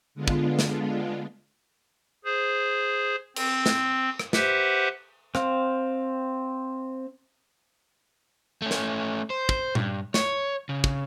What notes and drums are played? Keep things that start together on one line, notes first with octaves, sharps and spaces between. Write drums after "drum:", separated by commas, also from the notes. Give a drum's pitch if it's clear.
D3 G#3 B3 D4 F4
drum: kick
drum: snare
G#4 C5
C4, drum: cymbal
drum: snare
drum: rim click
G4 B4 C5 E5 F#5, drum: snare
C4 F5, drum: rim click
A3 C#4
drum: snare
C5
drum: kick
G2, drum: tom A#2
C#5, drum: snare
C#3
drum: kick